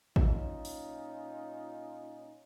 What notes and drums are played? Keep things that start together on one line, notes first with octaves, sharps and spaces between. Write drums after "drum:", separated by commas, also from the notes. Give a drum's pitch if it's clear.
A#2 C#4 D#4 F4, drum: kick
drum: open hi-hat